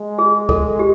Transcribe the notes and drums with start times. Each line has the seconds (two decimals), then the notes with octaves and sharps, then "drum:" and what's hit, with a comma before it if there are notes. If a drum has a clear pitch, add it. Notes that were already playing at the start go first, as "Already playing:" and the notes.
Already playing: G#3
0.19 G#4
0.49 A4, drum: kick C#2
0.79 G4